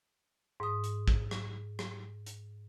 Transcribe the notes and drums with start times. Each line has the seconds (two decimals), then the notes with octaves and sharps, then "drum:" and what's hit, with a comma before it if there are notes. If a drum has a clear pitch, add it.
0.60 G#2 D#6
0.84 drum: hi-hat
1.08 drum: kick
1.31 drum: rim click
1.79 drum: rim click
2.26 drum: hi-hat